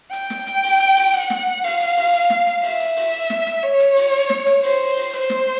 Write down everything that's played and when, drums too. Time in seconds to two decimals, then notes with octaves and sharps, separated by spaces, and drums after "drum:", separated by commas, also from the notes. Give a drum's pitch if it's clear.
0.13 G5, drum: hi-hat
0.30 drum: snare
0.47 drum: hi-hat
0.63 drum: open hi-hat
0.80 drum: hi-hat
0.97 drum: open hi-hat
1.14 F#5, drum: hi-hat
1.30 drum: snare
1.64 F5, drum: open hi-hat
1.80 drum: hi-hat
1.97 drum: open hi-hat
2.13 drum: hi-hat
2.30 drum: snare
2.47 drum: hi-hat
2.63 E5, drum: open hi-hat
2.80 drum: hi-hat
2.96 drum: open hi-hat
3.30 drum: snare
3.46 drum: hi-hat
3.63 C#5
3.80 drum: hi-hat
3.96 drum: open hi-hat
4.13 drum: hi-hat
4.30 drum: snare
4.46 drum: hi-hat
4.63 C5, drum: open hi-hat
4.96 drum: open hi-hat
5.13 C5, drum: hi-hat
5.30 drum: snare